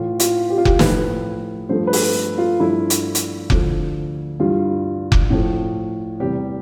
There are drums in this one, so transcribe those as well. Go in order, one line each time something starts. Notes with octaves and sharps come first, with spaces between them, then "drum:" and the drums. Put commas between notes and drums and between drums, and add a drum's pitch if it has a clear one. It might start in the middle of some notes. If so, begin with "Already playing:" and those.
Already playing: A2 E3 A3 F4
F4, drum: hi-hat
G4
F4
G4, drum: kick F1
A2 F3 A3 B4, drum: snare
G2 F3 A3 C5
B4
A4, drum: open hi-hat
F4
G2 F3 A3 E4
drum: hi-hat
drum: hi-hat
D2 D3 F3 A3, drum: kick F1
G2 E3 G3 F4
drum: kick F1
A2 F3 A3
E2 C3 G3 G4